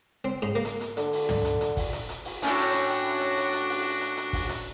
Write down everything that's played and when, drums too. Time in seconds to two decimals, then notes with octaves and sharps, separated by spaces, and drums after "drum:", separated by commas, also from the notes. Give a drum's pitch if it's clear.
0.24 C4
0.42 G#2
0.55 A#3
0.65 drum: hi-hat
0.81 drum: hi-hat
0.97 D3, drum: hi-hat
1.13 drum: open hi-hat
1.29 drum: tom
1.45 drum: hi-hat
1.61 drum: hi-hat
1.77 drum: kick, open hi-hat
1.93 drum: hi-hat
2.09 drum: hi-hat
2.25 drum: open hi-hat
2.42 A2 C#4 D4 F#4, drum: hi-hat
2.73 drum: hi-hat
2.89 drum: hi-hat
3.21 drum: hi-hat
3.37 drum: hi-hat
3.53 drum: hi-hat
3.69 drum: open hi-hat
4.01 drum: hi-hat
4.17 drum: hi-hat
4.33 drum: kick, open hi-hat
4.49 drum: hi-hat